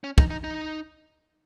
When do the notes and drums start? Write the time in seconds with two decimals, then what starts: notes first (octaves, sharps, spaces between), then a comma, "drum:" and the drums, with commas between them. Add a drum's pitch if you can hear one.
0.04 C#4
0.18 D#4, drum: kick
0.30 D#4
0.44 D#4